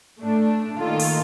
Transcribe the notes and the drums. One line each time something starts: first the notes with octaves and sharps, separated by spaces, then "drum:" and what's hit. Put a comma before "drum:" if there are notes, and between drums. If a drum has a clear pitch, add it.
A2 A3 D4
D#3 A#3 F4 A4
drum: open hi-hat